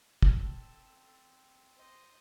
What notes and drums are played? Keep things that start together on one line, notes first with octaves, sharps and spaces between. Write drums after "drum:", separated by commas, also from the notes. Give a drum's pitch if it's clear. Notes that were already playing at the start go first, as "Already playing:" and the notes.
C4 A4, drum: kick
C5 D#5